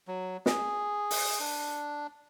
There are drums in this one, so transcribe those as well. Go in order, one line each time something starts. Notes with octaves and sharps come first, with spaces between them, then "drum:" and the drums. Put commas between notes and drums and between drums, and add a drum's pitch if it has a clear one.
F#3
G#4, drum: snare
drum: open hi-hat
D4